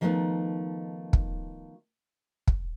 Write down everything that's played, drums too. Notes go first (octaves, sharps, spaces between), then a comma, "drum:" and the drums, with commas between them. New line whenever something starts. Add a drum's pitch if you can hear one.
D#3 F3 G3 A3 B3 D#4
drum: kick
drum: kick